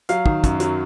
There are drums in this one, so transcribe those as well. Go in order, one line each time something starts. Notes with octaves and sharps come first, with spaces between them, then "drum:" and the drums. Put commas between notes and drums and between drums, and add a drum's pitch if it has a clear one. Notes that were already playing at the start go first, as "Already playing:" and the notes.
F#3 F5, drum: hi-hat
D#3, drum: kick
F#2, drum: kick, hi-hat
F#3, drum: hi-hat